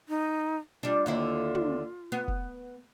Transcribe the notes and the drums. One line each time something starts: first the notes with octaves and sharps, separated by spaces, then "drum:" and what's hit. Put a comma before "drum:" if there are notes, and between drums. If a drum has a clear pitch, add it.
D#4
G3 D4 F4
D#2 D3 E4
drum: tom
B3
drum: kick